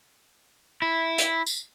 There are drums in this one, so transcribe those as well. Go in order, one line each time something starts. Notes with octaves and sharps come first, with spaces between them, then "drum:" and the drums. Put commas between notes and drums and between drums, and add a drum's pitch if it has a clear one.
E4
drum: hi-hat
drum: tambourine